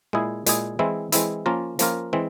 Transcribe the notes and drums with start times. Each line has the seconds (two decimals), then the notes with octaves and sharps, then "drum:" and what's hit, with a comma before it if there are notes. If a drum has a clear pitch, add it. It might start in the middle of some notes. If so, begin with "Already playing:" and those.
0.13 A#2 G#3 E4 G#4
0.46 A#2 G#3 E4 G#4, drum: hi-hat
0.79 E3 G#3 C4 E4
1.12 E3 G#3 C4 E4, drum: hi-hat
1.46 F3 A#3 C#4 F4 A#4
1.79 F3 A#3 C#4 F4 A#4, drum: hi-hat
2.13 E3 G#3 C4